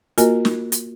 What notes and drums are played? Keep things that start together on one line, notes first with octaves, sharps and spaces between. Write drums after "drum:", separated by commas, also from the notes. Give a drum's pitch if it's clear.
A#3 F4 F#4 A#4 D#5 G#5, drum: hi-hat
drum: snare
drum: hi-hat